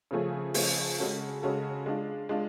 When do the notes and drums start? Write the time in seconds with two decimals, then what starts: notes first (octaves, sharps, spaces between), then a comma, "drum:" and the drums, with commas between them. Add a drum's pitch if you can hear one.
0.11 C#3 F3 A3 C#4 G#4
0.54 C#3 F3 A3 C#4 G#4, drum: open hi-hat
0.99 C#3 G#3 C#4 F#4 A4
1.42 C#3 G#3 C#4 F#4 A4
1.86 G#3 D4 F4
2.29 G#3 D4 F4